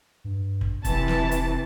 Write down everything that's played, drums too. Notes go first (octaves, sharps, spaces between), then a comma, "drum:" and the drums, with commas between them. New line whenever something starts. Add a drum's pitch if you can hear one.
G2
drum: kick
E1 C3 E3 A5, drum: kick, hi-hat
drum: snare
drum: hi-hat